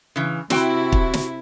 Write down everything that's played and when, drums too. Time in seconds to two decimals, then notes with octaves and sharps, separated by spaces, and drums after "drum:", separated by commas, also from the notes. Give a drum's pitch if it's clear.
0.16 C#3 E3
0.50 C3 C4 E4 F#4 G5, drum: snare
0.92 drum: kick
1.14 drum: snare